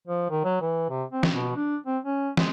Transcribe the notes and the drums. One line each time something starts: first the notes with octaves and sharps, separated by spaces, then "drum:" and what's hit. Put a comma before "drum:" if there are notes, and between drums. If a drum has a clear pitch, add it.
F3
D#3
F#3
E3
C3
C4
drum: snare
B2
D4
C4
C#4
G#3, drum: snare